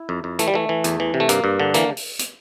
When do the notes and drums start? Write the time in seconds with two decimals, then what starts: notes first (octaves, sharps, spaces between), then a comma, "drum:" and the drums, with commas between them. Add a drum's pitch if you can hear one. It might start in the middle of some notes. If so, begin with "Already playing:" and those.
Already playing: E4
0.09 F2
0.24 F2
0.39 E3 A3, drum: hi-hat
0.48 G3
0.54 E3 A3
0.69 E3
0.84 E2, drum: hi-hat
1.00 E3
1.14 C3
1.20 A3
1.29 G2 A#3, drum: hi-hat
1.44 G2
1.60 D3
1.74 E3 A#3, drum: hi-hat
1.97 drum: open hi-hat
2.19 drum: hi-hat